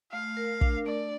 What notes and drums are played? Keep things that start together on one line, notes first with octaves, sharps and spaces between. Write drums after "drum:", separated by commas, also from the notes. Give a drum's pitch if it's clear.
A3 F5
A#4
D4, drum: kick
A3 D5